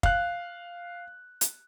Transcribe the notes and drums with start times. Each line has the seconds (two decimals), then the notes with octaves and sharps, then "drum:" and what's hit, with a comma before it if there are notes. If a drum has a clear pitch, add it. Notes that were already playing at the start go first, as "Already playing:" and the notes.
0.03 F5 F#6, drum: kick
1.41 drum: hi-hat